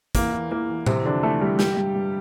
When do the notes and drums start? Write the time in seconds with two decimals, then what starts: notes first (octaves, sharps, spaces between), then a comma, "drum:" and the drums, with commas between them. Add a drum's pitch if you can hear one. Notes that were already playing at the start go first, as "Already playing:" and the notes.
0.15 E2 A#3, drum: kick, hi-hat
0.33 E3
0.51 E2 A#3
0.69 E2
0.86 C3 E3 C4, drum: tom A2
1.05 F2 D3 D4
1.23 E3 A3 A4
1.41 G3 G4
1.59 G2 G3 G4, drum: snare
1.77 G2
1.95 G2